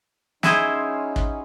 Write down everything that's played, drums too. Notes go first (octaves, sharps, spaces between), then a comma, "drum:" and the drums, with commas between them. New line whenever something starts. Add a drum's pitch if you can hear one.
F#3 C#4 D#4 E4 G#4 C5, drum: snare
drum: kick